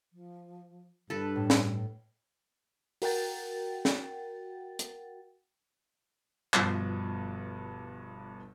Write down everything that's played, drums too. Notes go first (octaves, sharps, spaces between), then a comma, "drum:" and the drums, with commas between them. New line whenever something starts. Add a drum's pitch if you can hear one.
F3
G2 D4 A4 B4
A2
drum: snare
F#4 A#4 F#5 G5 A6, drum: open hi-hat
drum: snare
drum: hi-hat
G1 G2 B2 F3, drum: clap